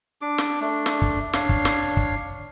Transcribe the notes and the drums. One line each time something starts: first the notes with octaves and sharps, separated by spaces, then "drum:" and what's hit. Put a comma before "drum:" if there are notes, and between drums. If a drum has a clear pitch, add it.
D4 D6
drum: snare
A3 D4
drum: snare
drum: kick
D4 C#5 F5, drum: snare
drum: kick
drum: snare
drum: kick